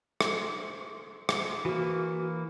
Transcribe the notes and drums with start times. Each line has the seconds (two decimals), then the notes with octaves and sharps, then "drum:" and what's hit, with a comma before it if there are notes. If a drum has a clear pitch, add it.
0.21 drum: rim click
1.29 drum: rim click
1.65 E3 A#3 F#4